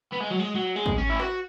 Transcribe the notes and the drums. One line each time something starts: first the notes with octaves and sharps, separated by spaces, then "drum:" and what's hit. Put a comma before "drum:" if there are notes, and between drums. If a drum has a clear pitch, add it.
B3
G#3
F#3
G#3
F#3
G#3
drum: kick
C#4
E4
F#4, drum: rim click